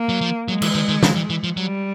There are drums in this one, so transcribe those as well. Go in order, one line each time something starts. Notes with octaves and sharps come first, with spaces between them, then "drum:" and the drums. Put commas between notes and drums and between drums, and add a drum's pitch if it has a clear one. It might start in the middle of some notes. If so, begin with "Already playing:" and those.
Already playing: A#3
F#3
F3
F#3 G#3
E3, drum: cymbal
D#3
D#3
D#3, drum: snare
E3
E3
F3
F#3 G3